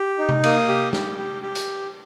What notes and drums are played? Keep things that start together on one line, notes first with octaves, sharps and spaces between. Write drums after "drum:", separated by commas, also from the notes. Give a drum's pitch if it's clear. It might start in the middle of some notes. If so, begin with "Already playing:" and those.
Already playing: G4
D#4
drum: tom C3
A#3 D#6, drum: cymbal
G4
G4, drum: snare
G4
G4
drum: hi-hat